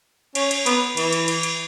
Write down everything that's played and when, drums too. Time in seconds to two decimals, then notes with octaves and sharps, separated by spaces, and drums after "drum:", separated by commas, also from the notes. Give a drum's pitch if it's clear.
0.35 C#4, drum: cymbal
0.51 drum: cymbal
0.66 B3, drum: cymbal
0.97 E3, drum: cymbal
1.12 drum: cymbal
1.28 drum: cymbal
1.43 drum: cymbal